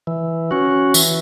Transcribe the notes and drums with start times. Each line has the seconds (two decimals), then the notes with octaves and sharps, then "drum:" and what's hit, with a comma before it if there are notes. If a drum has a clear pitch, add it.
0.07 E3
0.51 C#4 F#4
0.94 E3, drum: tambourine